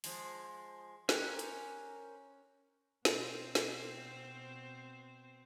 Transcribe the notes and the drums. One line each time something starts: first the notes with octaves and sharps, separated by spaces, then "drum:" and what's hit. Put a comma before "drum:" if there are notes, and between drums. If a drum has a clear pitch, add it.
F3 G#3, drum: open hi-hat
C#4 G4 A#4 C5 F#6, drum: snare
drum: hi-hat
B2 C4 C5, drum: snare
drum: snare